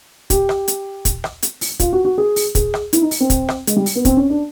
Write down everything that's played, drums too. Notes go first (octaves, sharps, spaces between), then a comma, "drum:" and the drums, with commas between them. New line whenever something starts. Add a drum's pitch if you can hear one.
G4, drum: kick, hi-hat
drum: rim click
drum: hi-hat
drum: kick, hi-hat
drum: rim click
drum: hi-hat
drum: open hi-hat
F4, drum: kick, hi-hat
F#4
F#4
G#4
drum: open hi-hat
G#4, drum: kick, hi-hat
drum: rim click
E4, drum: hi-hat
D#4
drum: open hi-hat
C4
drum: kick, hi-hat
drum: rim click
G#3, drum: hi-hat
G3
drum: open hi-hat
B3
C4, drum: kick, hi-hat
C#4
D4